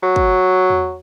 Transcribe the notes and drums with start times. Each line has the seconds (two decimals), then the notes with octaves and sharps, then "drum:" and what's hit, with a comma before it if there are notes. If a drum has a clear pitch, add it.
0.02 F#3
0.16 drum: kick
0.70 drum: tom E2